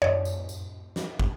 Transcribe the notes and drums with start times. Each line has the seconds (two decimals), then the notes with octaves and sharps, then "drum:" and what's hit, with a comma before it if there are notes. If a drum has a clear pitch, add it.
0.02 C#5 D5, drum: tom F#2
0.25 drum: tambourine
0.49 drum: tambourine
0.96 drum: snare
1.19 drum: kick